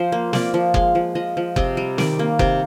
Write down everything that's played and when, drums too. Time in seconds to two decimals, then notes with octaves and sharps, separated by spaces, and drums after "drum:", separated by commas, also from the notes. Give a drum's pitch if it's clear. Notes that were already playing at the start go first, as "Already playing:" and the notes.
Already playing: F3 C5
0.12 A#3
0.33 A#3 D5, drum: snare
0.54 F3
0.74 G#3 F5, drum: kick F#1
0.95 F3
1.15 F3 D#5
1.37 F3
1.56 C3 D#5, drum: kick F#1
1.77 G3
1.98 D#3 D5, drum: snare
2.19 A#3
2.39 C3, drum: kick F#1